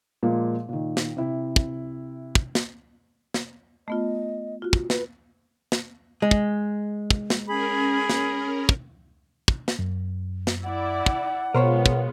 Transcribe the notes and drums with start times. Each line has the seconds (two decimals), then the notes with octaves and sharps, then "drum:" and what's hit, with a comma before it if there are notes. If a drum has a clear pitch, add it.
0.23 A#2 F3 G#3 A#3
0.69 A#2 D#3
0.97 drum: snare
1.17 C3 E4
1.56 drum: kick
2.35 drum: kick
2.55 drum: snare
3.34 drum: snare
3.88 A3 B3 F4 D#5
4.62 F4 F#4
4.73 drum: kick
4.90 B4, drum: snare
5.72 drum: snare
6.22 G#3
6.31 drum: kick
7.11 drum: kick
7.30 drum: snare
7.48 C#4 G#4 A#4 B5
8.09 drum: snare
8.69 drum: kick
9.48 drum: kick
9.68 drum: snare
9.79 F#2
10.47 drum: snare
10.64 E4 D5 F#5
11.06 drum: kick
11.55 B2 G#3 B3 F4 A#4 C5 C#5
11.86 drum: kick